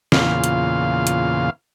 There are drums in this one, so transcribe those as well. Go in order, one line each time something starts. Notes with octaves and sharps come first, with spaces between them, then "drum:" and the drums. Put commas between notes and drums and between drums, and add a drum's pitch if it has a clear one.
E2 A#2 C#3 F4 F5, drum: snare
drum: hi-hat
drum: hi-hat